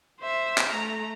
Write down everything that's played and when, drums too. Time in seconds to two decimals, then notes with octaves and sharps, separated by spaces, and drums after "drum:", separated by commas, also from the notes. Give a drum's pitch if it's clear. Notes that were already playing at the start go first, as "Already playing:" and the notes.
0.21 C5 E5
0.58 drum: clap
0.73 A3 A#5